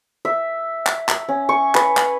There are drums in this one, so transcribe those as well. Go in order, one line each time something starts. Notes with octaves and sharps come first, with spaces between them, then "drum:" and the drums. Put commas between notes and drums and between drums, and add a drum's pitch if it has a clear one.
E5
drum: clap
drum: clap
C#4
C#6
B4, drum: clap
drum: clap